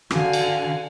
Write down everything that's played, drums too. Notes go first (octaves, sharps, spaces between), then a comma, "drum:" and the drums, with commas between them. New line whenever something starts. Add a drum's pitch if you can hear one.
D3 F#4 F5 G#5, drum: rim click
drum: cymbal